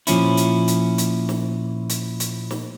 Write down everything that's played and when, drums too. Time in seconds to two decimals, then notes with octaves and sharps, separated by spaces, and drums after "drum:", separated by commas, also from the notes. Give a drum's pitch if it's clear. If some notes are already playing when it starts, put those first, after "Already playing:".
0.07 A#2 F3 C#4 E4, drum: hi-hat
0.37 drum: hi-hat
0.68 drum: hi-hat
0.98 drum: hi-hat
1.29 drum: snare
1.90 drum: hi-hat
2.20 drum: hi-hat
2.51 drum: snare